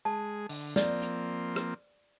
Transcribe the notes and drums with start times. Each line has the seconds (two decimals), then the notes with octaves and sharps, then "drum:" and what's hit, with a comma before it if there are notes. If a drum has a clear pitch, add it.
0.05 G#3 G#4 A5
0.49 D3, drum: open hi-hat
0.76 F3 A#3 C4 D5, drum: snare
1.02 drum: hi-hat
1.56 drum: rim click